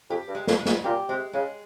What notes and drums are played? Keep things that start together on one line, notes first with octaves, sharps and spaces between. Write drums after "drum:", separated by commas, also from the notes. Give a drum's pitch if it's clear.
F2 G4
G2
G#3
F2, drum: snare
G#3
G#2, drum: snare
A#2 G4
C3 G#3
C#3 G#3